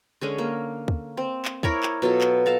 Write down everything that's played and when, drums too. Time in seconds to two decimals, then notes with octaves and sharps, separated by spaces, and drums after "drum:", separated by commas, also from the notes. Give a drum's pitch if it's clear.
0.21 D3 G#3 C#4
0.38 A#3
0.88 drum: kick
1.17 C4
1.45 drum: clap
1.63 E4 A#4 C#5 D5, drum: kick
1.83 drum: clap
2.02 B2 F#3 F4 A4
2.21 drum: clap
2.46 A4 F5 A5 A#5